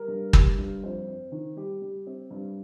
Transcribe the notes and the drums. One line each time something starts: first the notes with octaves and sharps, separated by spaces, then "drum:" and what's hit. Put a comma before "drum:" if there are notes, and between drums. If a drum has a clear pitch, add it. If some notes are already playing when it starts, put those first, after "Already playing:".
Already playing: G3 A#4
G2
G3, drum: kick
G2
F2 C5
C4
D#3
G3 G4
G3
C4
G2